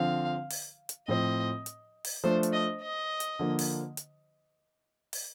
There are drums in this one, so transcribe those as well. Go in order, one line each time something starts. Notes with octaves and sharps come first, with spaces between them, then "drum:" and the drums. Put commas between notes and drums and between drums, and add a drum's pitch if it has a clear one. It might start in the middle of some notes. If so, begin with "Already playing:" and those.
Already playing: D3 F3 C4 F5
drum: open hi-hat
drum: hi-hat
A2 F3 C4 D#5
drum: hi-hat
drum: open hi-hat
F3 A3 D4 C5
drum: hi-hat
D#5
D#5
drum: hi-hat
D3 F3 A#3
drum: open hi-hat
drum: hi-hat
drum: open hi-hat